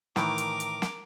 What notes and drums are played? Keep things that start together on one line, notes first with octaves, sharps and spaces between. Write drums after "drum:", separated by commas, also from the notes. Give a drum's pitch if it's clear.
A2 D#3 E3 A#4 D6, drum: snare
drum: hi-hat
drum: hi-hat
drum: snare